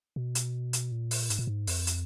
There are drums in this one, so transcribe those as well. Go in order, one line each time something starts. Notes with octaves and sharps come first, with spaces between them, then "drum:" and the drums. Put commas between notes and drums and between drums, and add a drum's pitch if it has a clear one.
B2
drum: hi-hat
drum: hi-hat
A#2
drum: open hi-hat
G#2, drum: hi-hat
A#2
G#2
F2, drum: open hi-hat
drum: hi-hat